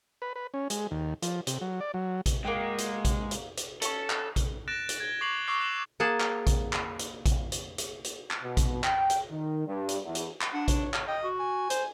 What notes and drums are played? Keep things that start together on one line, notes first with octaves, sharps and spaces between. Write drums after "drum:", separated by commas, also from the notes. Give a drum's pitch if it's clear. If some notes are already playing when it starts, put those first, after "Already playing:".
B4
B4
C#4
G#3, drum: hi-hat
D#2
F3, drum: hi-hat
C3, drum: hi-hat
F#3
D5
F#3
drum: kick A#1, hi-hat
G#3 A#3 F#4 G5
drum: hi-hat
drum: kick A#1, hi-hat
drum: hi-hat
drum: hi-hat
C#4 A4 C#6, drum: hi-hat
drum: clap
drum: kick A#1, hi-hat
F#6 A6 A#6 D7 E7
drum: hi-hat
G#6 G7
C#6 D6 C7 F7 F#7
C#6 D6 E6 F#6 C7
F#6 E7 F#7
A#3 G#4 F#5 A5
drum: clap
drum: kick A#1, hi-hat
drum: clap
drum: hi-hat
drum: kick A#1, hi-hat
drum: hi-hat
drum: hi-hat
drum: hi-hat
drum: clap
B2
drum: kick A#1, hi-hat
G5, drum: clap
drum: hi-hat
D#3
G2
drum: hi-hat
E2
drum: hi-hat
drum: clap
D4 F#5
C#5, drum: kick A#1, hi-hat
drum: clap
D#5 G5
F#4
G#5
C5, drum: hi-hat